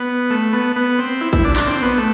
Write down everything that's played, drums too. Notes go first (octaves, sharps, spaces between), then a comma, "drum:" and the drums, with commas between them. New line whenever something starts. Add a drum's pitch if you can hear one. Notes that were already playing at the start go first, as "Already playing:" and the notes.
Already playing: B3
A3
B3
B3
C4
E4
E4, drum: kick
D4
D4, drum: clap
C4
B3
A3